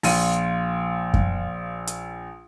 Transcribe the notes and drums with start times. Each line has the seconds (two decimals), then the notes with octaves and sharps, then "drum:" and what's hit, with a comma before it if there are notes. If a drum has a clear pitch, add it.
0.03 A#1 F4 D#7, drum: open hi-hat
1.14 drum: kick F#2
1.87 drum: hi-hat